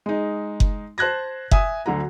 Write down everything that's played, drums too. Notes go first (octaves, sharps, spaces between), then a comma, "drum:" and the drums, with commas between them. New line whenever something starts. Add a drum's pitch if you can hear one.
G#3 D#4
drum: kick F#1
C5 A5 F#6 G#6 A#6
E5 G#5 D#6, drum: kick F#1
D2 D3 F#3 F#5 A#5